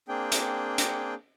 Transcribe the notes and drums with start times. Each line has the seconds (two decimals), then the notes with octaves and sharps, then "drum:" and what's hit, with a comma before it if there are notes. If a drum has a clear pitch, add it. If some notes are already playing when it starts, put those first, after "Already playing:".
0.08 A#3 C4 D4 G#4 G5
0.32 drum: hi-hat
0.78 drum: hi-hat